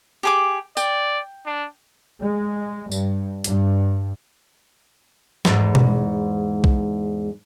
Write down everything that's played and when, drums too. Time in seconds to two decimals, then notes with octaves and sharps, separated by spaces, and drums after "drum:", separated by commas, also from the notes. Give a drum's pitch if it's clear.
0.23 G4 G#4 D6
0.77 D5 G5, drum: tambourine
1.46 D4
2.20 G#3
2.92 G2, drum: tambourine
3.44 G2, drum: hi-hat
5.45 E2 G#2, drum: snare
5.75 drum: tom B2
6.64 drum: kick B1